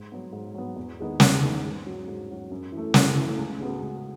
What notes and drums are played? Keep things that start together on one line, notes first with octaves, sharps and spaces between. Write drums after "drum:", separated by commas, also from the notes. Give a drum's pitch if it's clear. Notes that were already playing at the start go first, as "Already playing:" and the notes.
Already playing: G#2
F#3 B3
G#2
F#3 B3
E2
D#3 G#3 B3 D#4
E2, drum: snare
D#3 G#3 B3 D#4
G#2
F#3 C#4 F#4
G#2
F#3 C#4 F#4
F#2
E3
A3
F#2, drum: snare
E3 A3
C#2
C#3 G#3 B3 F#4
C#2